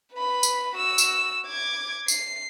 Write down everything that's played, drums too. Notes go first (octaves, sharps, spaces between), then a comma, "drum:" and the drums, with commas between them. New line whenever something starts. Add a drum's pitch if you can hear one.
B4 B5
drum: tambourine
F#4 E6
drum: tambourine
D6 G#6
C7, drum: tambourine